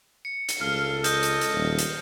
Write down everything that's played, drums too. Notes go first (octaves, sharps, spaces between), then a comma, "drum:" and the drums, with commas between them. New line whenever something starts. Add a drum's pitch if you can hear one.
C#7
drum: hi-hat
C#2 A4 F5 F6
D#5 G6, drum: hi-hat
drum: hi-hat
drum: hi-hat
D#1
drum: hi-hat